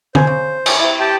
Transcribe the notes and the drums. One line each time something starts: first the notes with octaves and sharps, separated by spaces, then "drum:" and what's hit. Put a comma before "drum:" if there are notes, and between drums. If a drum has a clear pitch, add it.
A#4 C5 G#5, drum: tom D3
C#3
C3 D#3 C#4, drum: cymbal
C3 E4
G4 G5 A5